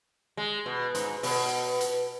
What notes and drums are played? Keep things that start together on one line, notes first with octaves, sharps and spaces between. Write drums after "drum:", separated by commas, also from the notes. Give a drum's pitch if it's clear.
G#3
B2
G#2, drum: hi-hat
B2, drum: open hi-hat
drum: hi-hat